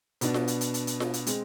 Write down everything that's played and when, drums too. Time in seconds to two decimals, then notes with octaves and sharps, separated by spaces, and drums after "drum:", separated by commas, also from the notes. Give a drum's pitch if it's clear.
0.21 B2 B3 D4, drum: hi-hat
0.34 drum: snare F4
0.48 drum: hi-hat
0.61 drum: hi-hat
0.74 drum: hi-hat
0.87 drum: hi-hat
1.00 drum: snare F4
1.14 drum: hi-hat
1.26 G#3 C4, drum: hi-hat